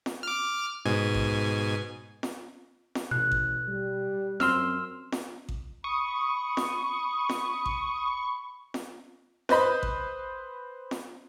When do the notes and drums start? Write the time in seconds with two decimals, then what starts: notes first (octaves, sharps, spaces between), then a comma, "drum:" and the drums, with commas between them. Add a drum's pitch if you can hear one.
0.06 drum: snare F4
0.23 D6 F6
0.85 G#2 B2 G#5
1.14 drum: kick A1
2.23 drum: snare F4
2.95 drum: snare F4
3.11 A1 B2 F#6
3.32 drum: kick A1
3.68 G3
4.40 F#2 C4 C6 E6 F6, drum: snare F4
5.12 drum: snare F4
5.49 drum: kick A1
5.84 B5 C#6 D#6
6.57 drum: snare F4
7.29 drum: snare F4
7.66 drum: kick A1
8.74 drum: snare F4
9.49 B4 C5 D#5 B5, drum: snare F4
9.83 drum: kick A1
10.91 drum: snare F4